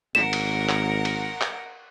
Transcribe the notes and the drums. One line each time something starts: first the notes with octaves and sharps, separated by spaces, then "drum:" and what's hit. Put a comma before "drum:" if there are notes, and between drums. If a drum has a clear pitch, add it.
G#1 A#4 F#5 E7
drum: cymbal
drum: clap
drum: cymbal
drum: clap